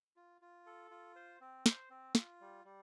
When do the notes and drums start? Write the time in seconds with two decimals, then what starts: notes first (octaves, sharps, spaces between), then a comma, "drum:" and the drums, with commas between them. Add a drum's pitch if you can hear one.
0.16 F4
0.41 F4
0.66 A4
0.91 F4
1.16 C5
1.41 C4
1.66 C5, drum: snare
1.90 C4
2.15 F4, drum: snare
2.41 G3
2.65 G3